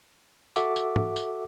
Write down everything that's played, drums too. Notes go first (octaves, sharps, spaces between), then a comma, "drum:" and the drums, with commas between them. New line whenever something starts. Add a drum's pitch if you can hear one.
F#4 A4 E5 F#5 D6, drum: tambourine
drum: tambourine
drum: tom
drum: tambourine